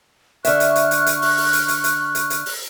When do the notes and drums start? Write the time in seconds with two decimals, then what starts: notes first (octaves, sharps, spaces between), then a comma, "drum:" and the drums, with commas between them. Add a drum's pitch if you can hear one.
0.45 D3 E5 C#6 F6 F#6, drum: hi-hat
0.60 drum: hi-hat
0.76 drum: hi-hat
0.91 drum: hi-hat
1.06 drum: hi-hat
1.22 drum: open hi-hat
1.37 drum: open hi-hat
1.53 drum: hi-hat
1.68 drum: hi-hat
1.84 drum: hi-hat
2.15 drum: hi-hat
2.30 drum: hi-hat
2.46 drum: open hi-hat